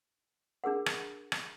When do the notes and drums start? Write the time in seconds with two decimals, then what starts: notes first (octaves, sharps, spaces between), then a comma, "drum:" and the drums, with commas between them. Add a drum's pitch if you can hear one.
0.64 D4 G#4 A#4 F#5
0.86 drum: rim click
1.32 drum: rim click